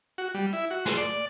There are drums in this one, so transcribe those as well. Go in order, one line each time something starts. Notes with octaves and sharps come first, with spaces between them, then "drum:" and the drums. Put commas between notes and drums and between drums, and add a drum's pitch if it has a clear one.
F#4
G3
E4
F#4
C6, drum: snare
D5